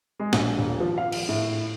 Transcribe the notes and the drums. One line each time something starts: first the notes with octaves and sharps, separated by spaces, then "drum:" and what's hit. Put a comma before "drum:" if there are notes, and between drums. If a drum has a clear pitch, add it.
G#3
A#1, drum: snare
D#1
F3
F5
drum: cymbal
A2